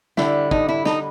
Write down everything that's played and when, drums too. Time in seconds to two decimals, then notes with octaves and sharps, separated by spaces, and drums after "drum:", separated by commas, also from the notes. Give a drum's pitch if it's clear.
0.17 D3 G3 E4, drum: snare
0.51 D#4, drum: kick
0.69 E4
0.85 D#4, drum: snare